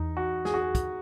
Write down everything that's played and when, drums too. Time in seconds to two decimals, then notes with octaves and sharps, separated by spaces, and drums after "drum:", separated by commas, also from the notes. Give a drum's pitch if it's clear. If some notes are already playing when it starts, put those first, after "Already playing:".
Already playing: E2 D#4
0.17 F#4
0.45 G#4, drum: snare
0.54 F#4
0.61 G#4
0.75 drum: kick, hi-hat